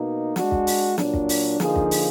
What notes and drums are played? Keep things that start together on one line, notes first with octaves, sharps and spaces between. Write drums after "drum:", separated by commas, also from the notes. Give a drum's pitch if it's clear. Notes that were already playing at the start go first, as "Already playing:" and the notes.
Already playing: B2 A#3 D#4
G#3 D4 F#4, drum: snare
drum: kick
drum: open hi-hat
A#2 F#3 D4, drum: snare
drum: kick
drum: open hi-hat
D3 F3 A#3 D#4 G#4, drum: snare
drum: kick
drum: open hi-hat